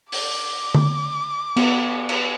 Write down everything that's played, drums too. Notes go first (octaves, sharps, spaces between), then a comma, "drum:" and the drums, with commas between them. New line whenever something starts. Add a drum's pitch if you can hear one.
D6, drum: open hi-hat
drum: tom D3
B3, drum: cymbal
drum: cymbal